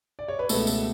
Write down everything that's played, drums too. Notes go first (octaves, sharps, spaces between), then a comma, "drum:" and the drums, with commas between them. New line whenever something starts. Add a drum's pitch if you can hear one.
D5
C#5
B4
C#2 B2 A3 A4, drum: tambourine
A4, drum: tambourine